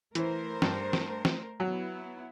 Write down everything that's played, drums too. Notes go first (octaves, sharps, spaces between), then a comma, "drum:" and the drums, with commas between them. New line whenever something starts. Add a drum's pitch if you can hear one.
E3 A3 A#4 C5, drum: hi-hat
G2, drum: snare
drum: snare
drum: snare
F#3 B3 E4